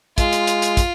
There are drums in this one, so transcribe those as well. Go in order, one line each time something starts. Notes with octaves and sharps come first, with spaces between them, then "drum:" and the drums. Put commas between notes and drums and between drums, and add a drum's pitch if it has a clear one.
G#3 F4, drum: kick, hi-hat
drum: hi-hat
drum: hi-hat
drum: hi-hat
drum: kick, hi-hat